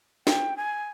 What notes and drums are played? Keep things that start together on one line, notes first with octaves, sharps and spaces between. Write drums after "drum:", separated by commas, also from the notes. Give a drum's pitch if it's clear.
G5, drum: snare
G#5